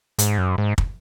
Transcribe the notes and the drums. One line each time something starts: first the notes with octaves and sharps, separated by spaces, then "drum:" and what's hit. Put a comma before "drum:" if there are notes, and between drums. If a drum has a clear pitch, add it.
G#2, drum: hi-hat
F#2
G#2
drum: kick